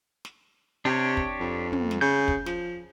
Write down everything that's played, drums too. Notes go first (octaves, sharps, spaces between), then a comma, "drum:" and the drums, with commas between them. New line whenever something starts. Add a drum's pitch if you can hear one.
drum: snare
C3 D4 G4 C#5
drum: kick
F2
drum: tom
drum: snare
C#3 G6
drum: kick
F3, drum: snare